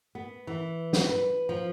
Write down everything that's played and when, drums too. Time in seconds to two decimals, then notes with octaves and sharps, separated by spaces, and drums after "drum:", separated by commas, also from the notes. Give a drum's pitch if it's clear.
0.15 B3
0.47 E3
0.93 drum: snare
1.09 B4
1.49 F3